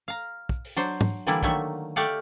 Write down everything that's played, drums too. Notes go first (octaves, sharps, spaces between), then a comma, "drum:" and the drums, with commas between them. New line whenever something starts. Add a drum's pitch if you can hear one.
F5 A#5
drum: kick
drum: open hi-hat
F#3 D4 C5
drum: tom G#2
D3 E3 G3 A#3 D4 E4
D3 D#3 F#3 A3 A#3 E5, drum: kick
A3 G4 D5 F5 F#5